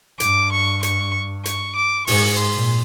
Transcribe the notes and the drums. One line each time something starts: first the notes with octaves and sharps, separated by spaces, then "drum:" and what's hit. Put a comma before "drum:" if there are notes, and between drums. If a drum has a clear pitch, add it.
G2 D6, drum: hi-hat
C#6
C#6, drum: hi-hat
C#6, drum: hi-hat
D6
G#2 C#6, drum: open hi-hat
C6
A#2